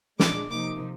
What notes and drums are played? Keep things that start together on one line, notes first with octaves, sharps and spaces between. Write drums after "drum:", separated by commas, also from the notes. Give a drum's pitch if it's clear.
A#2 G#3 D4 D6, drum: snare
C3 F3 A#3 D#4 D6